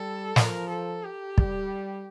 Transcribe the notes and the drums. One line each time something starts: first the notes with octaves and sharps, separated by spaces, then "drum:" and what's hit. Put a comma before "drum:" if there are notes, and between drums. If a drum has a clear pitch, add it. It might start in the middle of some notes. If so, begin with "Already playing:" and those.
Already playing: G3 A4
F3 A#4, drum: snare
A4
G4
G3, drum: kick